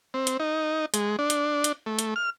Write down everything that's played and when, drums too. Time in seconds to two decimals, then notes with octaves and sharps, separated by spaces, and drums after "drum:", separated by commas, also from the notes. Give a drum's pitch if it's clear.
0.14 C4
0.27 drum: hi-hat
0.40 D#4
0.94 G#3, drum: hi-hat
1.19 D4
1.30 drum: hi-hat
1.64 drum: hi-hat
1.86 A3
1.99 drum: hi-hat
2.16 F6